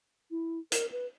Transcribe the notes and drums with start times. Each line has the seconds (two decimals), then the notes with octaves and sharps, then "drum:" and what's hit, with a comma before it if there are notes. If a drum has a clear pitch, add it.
0.31 E4
0.72 A#4, drum: hi-hat
0.92 B4